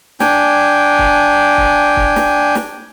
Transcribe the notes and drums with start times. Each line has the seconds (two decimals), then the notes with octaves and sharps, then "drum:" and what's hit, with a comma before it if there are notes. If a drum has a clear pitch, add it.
0.20 D4 G5 G#5, drum: snare
0.99 drum: kick
1.57 drum: kick
1.97 drum: kick
2.16 drum: snare
2.55 drum: snare